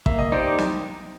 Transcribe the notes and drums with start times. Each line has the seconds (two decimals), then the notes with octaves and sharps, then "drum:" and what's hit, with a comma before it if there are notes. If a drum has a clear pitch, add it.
0.06 A#3 E5, drum: kick
0.19 D#5
0.32 D#4 G4 C5 D5
0.58 drum: snare